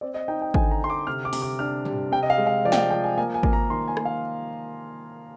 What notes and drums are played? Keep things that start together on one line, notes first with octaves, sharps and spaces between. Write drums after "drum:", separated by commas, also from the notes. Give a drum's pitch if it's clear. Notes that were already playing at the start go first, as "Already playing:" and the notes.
C4 D5
D#5
D#4 G5
G5
D3 G#5, drum: kick G#1
A#5
D3 C6
D6
C3 F6
D6
C3, drum: open hi-hat
D6
D4 F6
G3, drum: tom
C3 G5
D#5
F5
G#3
F5
F3 D5
G5, drum: snare
F5
F3 G5
G#5
A#3 G#5
G#5
A#3, drum: kick G#1
A#5
D#3 C6
G#5
A#3, drum: rim click
F5